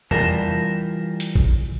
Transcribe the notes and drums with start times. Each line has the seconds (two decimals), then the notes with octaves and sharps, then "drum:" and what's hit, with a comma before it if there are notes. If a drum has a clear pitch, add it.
0.11 E3 G3 F4 A#4 A5, drum: tom
1.20 drum: hi-hat
1.35 drum: kick